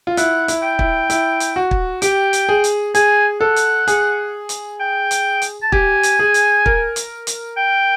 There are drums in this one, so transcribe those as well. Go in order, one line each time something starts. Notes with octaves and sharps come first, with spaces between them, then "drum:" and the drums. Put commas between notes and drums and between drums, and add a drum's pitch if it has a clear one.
F4
E4 F#5, drum: hi-hat
E4, drum: hi-hat
G5
E4, drum: kick
E4, drum: hi-hat
drum: hi-hat
F#4
drum: kick
G4 G5, drum: hi-hat
drum: hi-hat
G#4
drum: hi-hat
G#4 G#5, drum: hi-hat
A4 F#5
drum: hi-hat
G#4, drum: hi-hat
drum: hi-hat
G5
drum: hi-hat
drum: hi-hat
A5
G4 G#5, drum: kick
drum: hi-hat
G#4
drum: hi-hat
A#4, drum: kick
drum: hi-hat
drum: hi-hat
G5